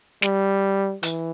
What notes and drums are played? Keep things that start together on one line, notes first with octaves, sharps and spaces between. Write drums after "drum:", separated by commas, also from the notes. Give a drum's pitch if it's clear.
G3, drum: snare
E3, drum: hi-hat